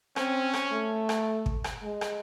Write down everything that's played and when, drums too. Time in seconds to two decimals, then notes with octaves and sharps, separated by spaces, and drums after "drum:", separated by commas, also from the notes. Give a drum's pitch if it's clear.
0.16 C4 C#4, drum: rim click
0.54 drum: rim click
0.72 A3
1.09 drum: rim click
1.46 drum: kick
1.64 drum: rim click
1.83 G#3
2.01 drum: rim click